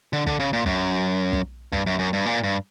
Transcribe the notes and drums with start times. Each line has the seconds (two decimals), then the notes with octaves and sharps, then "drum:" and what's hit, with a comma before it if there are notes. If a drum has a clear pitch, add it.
0.13 D3
0.26 D3, drum: kick
0.40 C#3
0.53 A#2
0.66 F#2, drum: kick
1.33 drum: kick
1.72 G2, drum: kick
1.86 F#2
1.99 F#2
2.13 G2
2.26 A#2
2.44 G2